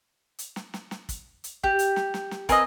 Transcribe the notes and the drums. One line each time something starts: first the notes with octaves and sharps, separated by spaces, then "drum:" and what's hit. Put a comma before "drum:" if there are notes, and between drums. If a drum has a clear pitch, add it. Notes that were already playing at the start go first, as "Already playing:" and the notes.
drum: hi-hat
drum: snare
drum: snare
drum: snare
drum: kick, hi-hat
drum: hi-hat
G4, drum: kick
drum: hi-hat
drum: snare
drum: snare
drum: snare
C4 A#4 B4 D#5 G#5, drum: kick, hi-hat